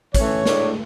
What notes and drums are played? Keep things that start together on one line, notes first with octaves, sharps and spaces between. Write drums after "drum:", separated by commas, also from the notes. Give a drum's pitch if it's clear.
E3 A3 C#4 C#5, drum: kick, hi-hat
A2 G#3 D4, drum: snare